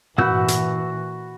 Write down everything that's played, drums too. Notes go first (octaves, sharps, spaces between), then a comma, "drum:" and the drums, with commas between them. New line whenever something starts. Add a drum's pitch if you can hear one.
A#2 E3 F#4 F#5 B5 E6 G6, drum: tom
drum: hi-hat